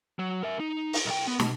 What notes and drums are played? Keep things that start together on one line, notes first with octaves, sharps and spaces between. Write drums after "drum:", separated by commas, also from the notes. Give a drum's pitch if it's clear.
F#3
A#4 E5
D#4
drum: open hi-hat
B1 G5
B3
B2, drum: snare